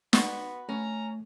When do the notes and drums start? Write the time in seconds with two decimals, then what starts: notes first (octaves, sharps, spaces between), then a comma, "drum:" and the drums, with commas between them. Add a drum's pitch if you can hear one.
0.13 B3 F#4 B4 C#6, drum: snare
0.69 A3 C#4 A#5